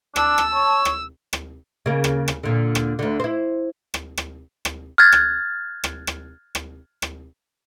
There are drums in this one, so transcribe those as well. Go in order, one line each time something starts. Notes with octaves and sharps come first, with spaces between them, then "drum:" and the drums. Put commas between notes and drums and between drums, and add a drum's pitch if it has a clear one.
D4 A5 E6, drum: rim click
drum: rim click
C#5
drum: rim click
drum: rim click
C#3 A#3
drum: rim click
drum: rim click
A#2 D3
drum: rim click
D2 D3
E4 C5
drum: rim click
drum: rim click
drum: rim click
F6 F#6 G#6 A6
drum: rim click
drum: rim click
drum: rim click
drum: rim click
drum: rim click